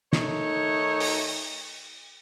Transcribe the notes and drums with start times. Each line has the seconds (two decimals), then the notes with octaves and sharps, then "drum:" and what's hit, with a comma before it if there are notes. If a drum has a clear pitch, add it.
0.13 D#3 A3 D#4 C#5, drum: snare
1.00 drum: open hi-hat